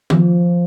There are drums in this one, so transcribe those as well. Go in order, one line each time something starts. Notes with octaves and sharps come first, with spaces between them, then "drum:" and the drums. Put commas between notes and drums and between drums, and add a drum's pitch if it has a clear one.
F3, drum: tom D#3